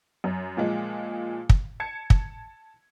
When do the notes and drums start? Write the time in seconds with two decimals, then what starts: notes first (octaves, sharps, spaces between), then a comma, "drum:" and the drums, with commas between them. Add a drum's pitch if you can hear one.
0.24 F#2
0.57 A#2 F3 G#3
1.50 drum: kick
1.80 A5 G#6 C#7
2.10 drum: kick